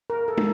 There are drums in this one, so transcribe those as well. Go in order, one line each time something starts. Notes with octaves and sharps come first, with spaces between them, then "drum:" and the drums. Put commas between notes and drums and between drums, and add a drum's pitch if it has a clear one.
A#4
A4
drum: tom